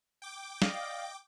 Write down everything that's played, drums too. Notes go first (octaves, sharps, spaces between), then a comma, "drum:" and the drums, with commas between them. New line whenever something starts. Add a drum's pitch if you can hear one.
G5 D6
D5 D#5 F5, drum: snare